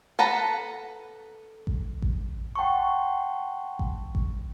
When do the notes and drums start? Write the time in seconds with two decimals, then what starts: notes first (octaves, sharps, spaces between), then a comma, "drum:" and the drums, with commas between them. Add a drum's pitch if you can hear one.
0.19 A4 B4 F#5 A5 A#5
1.67 drum: kick A1
2.02 drum: kick A1
2.55 F#5 G5 A5 C6 C#6
3.79 drum: kick A1
4.15 drum: kick A1